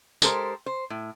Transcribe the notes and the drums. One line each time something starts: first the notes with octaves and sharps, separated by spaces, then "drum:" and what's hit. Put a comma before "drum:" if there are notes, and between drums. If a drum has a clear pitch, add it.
G#3 G4 A4 A#4 C5, drum: tambourine
C5
A2